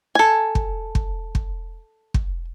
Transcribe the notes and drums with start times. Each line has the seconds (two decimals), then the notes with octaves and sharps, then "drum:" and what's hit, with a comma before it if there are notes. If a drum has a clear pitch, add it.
0.15 A4 G#5
0.55 drum: kick
0.95 drum: kick
1.35 drum: kick
2.14 drum: kick